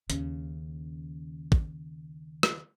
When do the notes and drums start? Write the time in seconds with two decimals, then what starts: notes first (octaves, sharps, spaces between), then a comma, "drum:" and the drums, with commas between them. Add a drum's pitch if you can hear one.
0.10 D#2 C#3, drum: hi-hat
1.52 drum: kick
2.43 drum: rim click